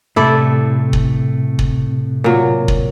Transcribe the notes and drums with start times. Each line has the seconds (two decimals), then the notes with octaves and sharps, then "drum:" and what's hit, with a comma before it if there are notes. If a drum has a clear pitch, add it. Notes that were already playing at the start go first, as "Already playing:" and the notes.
0.16 A2 C3 A3 E4 A4 D5
0.93 drum: kick
1.59 drum: kick
2.24 A#2 F#3
2.68 drum: kick